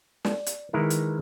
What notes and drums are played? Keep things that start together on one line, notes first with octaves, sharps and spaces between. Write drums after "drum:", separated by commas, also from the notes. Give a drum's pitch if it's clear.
D5, drum: snare
drum: hi-hat
D#3 E3 G#3 E4 A#4
drum: hi-hat